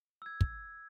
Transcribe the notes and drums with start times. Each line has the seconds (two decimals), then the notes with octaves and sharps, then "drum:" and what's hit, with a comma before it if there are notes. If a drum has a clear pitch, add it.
0.22 E6 G#6
0.41 drum: kick